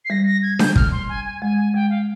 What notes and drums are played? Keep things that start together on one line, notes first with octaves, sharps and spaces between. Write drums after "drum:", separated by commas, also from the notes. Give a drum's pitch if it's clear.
C7
G3 A#6
A#6
G#6
G6, drum: snare D4
F6, drum: kick
C6
G#5
G#5
G#3 G#5
G#5
G#3 G5
F5